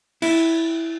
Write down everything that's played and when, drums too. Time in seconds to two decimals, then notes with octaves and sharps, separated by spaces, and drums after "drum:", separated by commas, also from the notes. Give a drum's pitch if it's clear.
0.22 E4, drum: cymbal